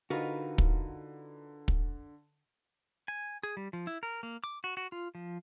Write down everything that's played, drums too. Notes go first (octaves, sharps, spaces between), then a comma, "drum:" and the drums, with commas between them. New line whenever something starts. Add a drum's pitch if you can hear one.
D3 D#4 F4 F#4 A#4 B4
drum: kick
drum: kick
G#5
G#4
G3
F3
E4
A#4
A#3
D6
F#4
F#4
F4
F3